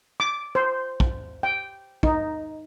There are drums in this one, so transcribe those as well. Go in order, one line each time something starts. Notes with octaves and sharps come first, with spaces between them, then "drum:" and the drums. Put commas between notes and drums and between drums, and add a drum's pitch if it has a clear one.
D6
C5
drum: kick
G5
D#4, drum: kick